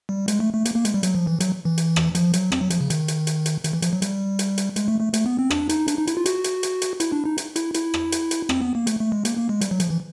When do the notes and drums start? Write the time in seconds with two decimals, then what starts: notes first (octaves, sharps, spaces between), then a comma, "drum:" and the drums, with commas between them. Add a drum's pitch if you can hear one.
0.09 G3
0.28 G#3, drum: hi-hat
0.40 A3
0.53 A3
0.65 A#3, drum: hi-hat
0.75 A#3
0.85 G#3, drum: hi-hat
0.94 G3
1.03 F#3, drum: hi-hat
1.15 F3
1.27 E3
1.40 F#3, drum: hi-hat
1.65 E3
1.78 drum: hi-hat
1.96 drum: rim click
2.15 F3, drum: hi-hat
2.33 F#3, drum: hi-hat
2.52 C4, drum: rim click
2.61 F#3
2.70 F3, drum: hi-hat
2.81 C#3
2.90 D#3, drum: hi-hat
3.08 drum: hi-hat
3.27 drum: hi-hat
3.46 drum: hi-hat
3.64 D#3, drum: hi-hat
3.73 E3
3.82 F3, drum: hi-hat
3.93 F#3
4.02 G3, drum: hi-hat
4.39 drum: hi-hat
4.58 drum: hi-hat
4.76 G#3, drum: hi-hat
4.88 A3
5.01 A3
5.14 A3, drum: hi-hat
5.26 B3
5.39 C4
5.51 D4, drum: rim click
5.69 D#4, drum: hi-hat
5.88 D4, drum: hi-hat
5.98 D#4
6.07 E4, drum: hi-hat
6.17 F4
6.26 F#4, drum: hi-hat
6.44 drum: hi-hat
6.63 drum: hi-hat
6.82 drum: hi-hat
7.00 E4, drum: hi-hat
7.12 D4
7.25 D#4
7.38 drum: hi-hat
7.56 E4, drum: hi-hat
7.74 E4, drum: hi-hat
7.94 drum: rim click
8.12 drum: hi-hat
8.31 drum: hi-hat
8.49 C4, drum: rim click
8.61 B3
8.75 A#3
8.87 A3, drum: hi-hat
9.00 A3
9.12 G#3
9.25 A#3, drum: hi-hat
9.37 A#3
9.49 G#3
9.61 G3, drum: hi-hat
9.71 F#3
9.80 F3, drum: hi-hat
9.90 E3